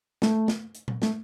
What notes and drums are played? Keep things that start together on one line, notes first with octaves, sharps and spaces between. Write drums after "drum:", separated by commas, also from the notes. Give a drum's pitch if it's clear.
A3, drum: snare
drum: snare
drum: hi-hat
drum: tom A#2
A3, drum: snare